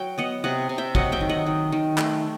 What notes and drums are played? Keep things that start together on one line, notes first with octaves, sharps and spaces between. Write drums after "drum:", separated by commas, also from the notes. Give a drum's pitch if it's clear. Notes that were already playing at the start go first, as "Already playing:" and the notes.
Already playing: F#3 G5
B3 D#5 F#5
C3 D#5 F#5
C3
E5 G5
F#3 D#5 F#5, drum: kick
E5 G5
D#3
D#5 F#5
D#3
D#3
A3, drum: clap